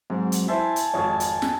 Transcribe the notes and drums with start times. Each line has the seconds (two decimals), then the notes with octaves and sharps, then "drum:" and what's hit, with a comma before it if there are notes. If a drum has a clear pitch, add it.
0.10 G#2 F#3 C4
0.32 drum: hi-hat
0.48 E4 C5 E5 G#5 A5
0.76 drum: hi-hat
0.94 G#1 F2 C#5
1.20 drum: hi-hat
1.42 drum: snare